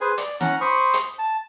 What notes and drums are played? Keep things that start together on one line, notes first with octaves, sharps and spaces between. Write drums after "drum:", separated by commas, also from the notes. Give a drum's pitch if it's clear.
G#4 B4 C5 G#5
D5, drum: hi-hat
C#4 F#5 A#5, drum: snare
C5 B5 C#6 D#6
drum: hi-hat
A5